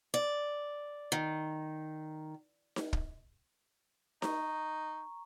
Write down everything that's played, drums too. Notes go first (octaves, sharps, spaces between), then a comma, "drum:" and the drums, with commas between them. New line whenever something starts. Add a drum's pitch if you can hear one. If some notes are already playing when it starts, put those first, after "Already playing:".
D5
D#3
drum: snare D#4
drum: kick
D#4 A#5 C#6, drum: snare D#4